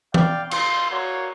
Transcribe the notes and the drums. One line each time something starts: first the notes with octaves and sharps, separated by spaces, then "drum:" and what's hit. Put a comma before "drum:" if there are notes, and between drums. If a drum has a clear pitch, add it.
D5 F5 G5, drum: tom E3
F4 C6, drum: cymbal
A#3 F#4 C#5